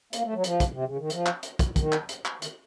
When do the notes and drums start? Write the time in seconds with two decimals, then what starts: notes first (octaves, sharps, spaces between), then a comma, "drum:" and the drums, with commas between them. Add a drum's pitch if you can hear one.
0.13 A#3, drum: hi-hat
0.24 A3
0.33 F#3
0.44 F3, drum: hi-hat
0.60 drum: kick, hi-hat
0.72 C3
0.85 C#3
0.97 D#3
1.10 F3, drum: hi-hat
1.26 drum: clap
1.43 drum: hi-hat
1.59 drum: kick, hi-hat
1.76 D#3, drum: kick, hi-hat
1.92 drum: clap
2.09 drum: hi-hat
2.25 drum: clap
2.42 D#3, drum: hi-hat